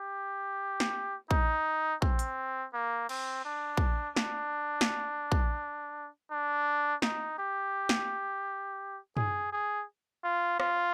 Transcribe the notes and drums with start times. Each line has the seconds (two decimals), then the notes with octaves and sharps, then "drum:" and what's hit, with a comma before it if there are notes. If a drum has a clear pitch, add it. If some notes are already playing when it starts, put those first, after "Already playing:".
Already playing: G4
0.80 drum: snare
1.31 D#4, drum: kick
2.02 C4, drum: kick
2.19 drum: hi-hat
2.74 A#3
3.09 C4, drum: cymbal
3.45 D4
3.77 drum: kick
4.16 D4, drum: snare
4.81 drum: snare
5.32 drum: kick
6.31 D4
7.02 D#4, drum: snare
7.38 G4
7.89 drum: snare
9.17 G#4, drum: tom
9.53 G#4
10.24 F4
10.60 F4, drum: rim click